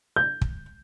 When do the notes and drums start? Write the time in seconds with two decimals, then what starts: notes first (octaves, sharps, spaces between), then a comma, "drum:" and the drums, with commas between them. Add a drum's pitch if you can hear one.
0.16 G6
0.41 drum: kick